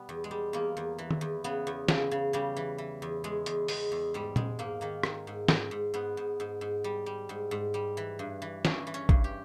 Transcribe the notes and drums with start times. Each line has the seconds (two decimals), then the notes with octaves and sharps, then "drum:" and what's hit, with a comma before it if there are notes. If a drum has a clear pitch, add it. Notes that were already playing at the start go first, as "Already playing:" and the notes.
Already playing: B2 G3 B3
0.09 E2
0.24 G#3
0.31 G3
0.53 E2 A#3
0.77 E2
0.98 E3
1.11 drum: tom D#3
1.21 E2
1.44 C#3 B3
1.67 E2
1.88 C#3, drum: snare
2.11 C#3
2.33 C#3 G3
2.56 E3
2.78 E3
3.02 E2
3.24 E2 G#3
3.46 E2, drum: hi-hat
3.68 E2 G#3, drum: open hi-hat
3.92 E2
4.14 G#2 G3
4.36 G#2 G#3, drum: tom A#2
4.59 G#2 A#3
4.81 D#3 A#3
5.03 D#3, drum: rim click
5.27 G#2
5.48 G#2, drum: snare
5.71 G#2
5.94 G#2 B3
6.17 G#2
6.40 G#2
6.61 G#2
6.84 G3
7.06 G3
7.29 G#2
7.51 G#2
7.74 G3
7.97 E3
8.19 G2
8.42 E3
8.65 G2 C#4, drum: snare
8.87 E3
8.94 C#4
9.09 G2, drum: kick A#1
9.24 G4